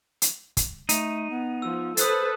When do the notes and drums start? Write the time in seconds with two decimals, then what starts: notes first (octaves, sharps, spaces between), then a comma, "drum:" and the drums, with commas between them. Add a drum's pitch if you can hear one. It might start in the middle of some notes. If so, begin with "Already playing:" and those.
0.22 drum: hi-hat
0.57 drum: kick, hi-hat
0.89 A3 D#4 D#7, drum: hi-hat
1.30 B3
1.62 F3 E6
1.97 A4 B4 C5 D#6 F#6 A6, drum: hi-hat